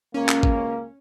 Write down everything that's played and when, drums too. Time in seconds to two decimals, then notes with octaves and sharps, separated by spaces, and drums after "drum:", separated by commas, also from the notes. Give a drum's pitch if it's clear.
0.14 C#2 A#3 C#4
0.29 drum: clap
0.43 drum: kick